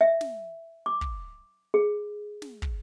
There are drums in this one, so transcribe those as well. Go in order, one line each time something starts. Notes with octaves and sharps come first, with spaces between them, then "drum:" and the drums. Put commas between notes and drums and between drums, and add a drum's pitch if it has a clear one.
E5
drum: snare
D6
drum: kick
G#4
drum: snare
drum: kick